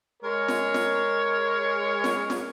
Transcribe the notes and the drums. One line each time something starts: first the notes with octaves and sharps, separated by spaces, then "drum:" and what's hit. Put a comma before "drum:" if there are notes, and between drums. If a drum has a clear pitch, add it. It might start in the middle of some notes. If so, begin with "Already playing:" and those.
G#3 A#4 C#5
drum: snare
drum: snare
drum: snare
drum: snare